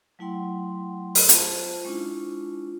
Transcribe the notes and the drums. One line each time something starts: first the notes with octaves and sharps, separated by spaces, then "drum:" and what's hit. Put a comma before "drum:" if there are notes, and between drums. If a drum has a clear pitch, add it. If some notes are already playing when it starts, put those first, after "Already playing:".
F#3 A3 E4 F#5 G5 C6
drum: open hi-hat
F4 C5 A5, drum: hi-hat
G#3 C#4 D4 E4 F4